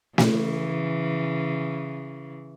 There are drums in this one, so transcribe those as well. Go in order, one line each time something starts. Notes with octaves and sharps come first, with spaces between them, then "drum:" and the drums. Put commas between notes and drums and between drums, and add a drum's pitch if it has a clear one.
C#3 E3, drum: snare